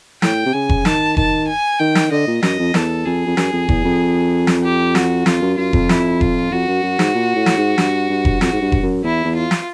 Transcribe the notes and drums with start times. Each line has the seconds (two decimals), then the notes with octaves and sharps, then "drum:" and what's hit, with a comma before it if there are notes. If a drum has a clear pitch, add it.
0.22 A2 G5, drum: snare
0.46 C3
0.53 C#3 G#5
0.69 drum: kick F1
0.85 D#3 A5, drum: snare
1.17 D#3 A5, drum: kick F1
1.48 G#5
1.79 D#3 G5
1.95 drum: snare
2.11 D3 D#5
2.27 A#2
2.43 F#2 D#5, drum: snare
2.59 F2
2.74 E2 A4, drum: snare
3.05 F2 G#4
3.26 F2
3.37 F#2, drum: snare
3.53 F2
3.69 E2, drum: kick F1
3.84 F2
4.47 drum: snare
4.63 G4
4.95 F#4, drum: snare
5.26 F2 F4, drum: snare
5.42 F#2
5.57 F#2 F4
5.73 F2, drum: kick F1
5.89 E4, drum: snare
6.21 F4, drum: kick F1
6.51 F2 F#4
6.68 F#2
6.83 F#2
6.99 G#2, drum: snare
7.15 A#2
7.36 A2
7.46 drum: snare
7.57 G#2
7.78 G2, drum: snare
8.09 G2
8.25 drum: kick F1
8.41 F2, drum: snare
8.52 G#2
8.62 G2
8.72 drum: kick F1
8.82 F#2
9.03 E2 E4
9.24 E2
9.36 F4
9.51 drum: snare